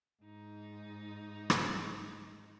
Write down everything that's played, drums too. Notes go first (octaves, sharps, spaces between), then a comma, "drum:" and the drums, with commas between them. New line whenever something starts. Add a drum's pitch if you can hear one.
G#2 D#4
drum: rim click